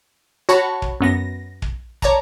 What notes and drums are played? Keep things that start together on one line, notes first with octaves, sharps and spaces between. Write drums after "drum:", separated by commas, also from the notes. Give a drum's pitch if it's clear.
F#4 C#5 F#5 A5 B5 C#6
drum: kick
F#2 B3 A#6
drum: kick
C#5 D5 A5 A#5, drum: kick